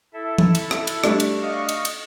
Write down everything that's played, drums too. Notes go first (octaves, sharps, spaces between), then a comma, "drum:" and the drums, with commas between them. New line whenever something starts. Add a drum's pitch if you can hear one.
E4 A4 E5
drum: tom E3
drum: cymbal
drum: rim click
drum: cymbal
G3 A3 D4, drum: rim click
drum: cymbal
D#5 F5 C#6
drum: cymbal
drum: cymbal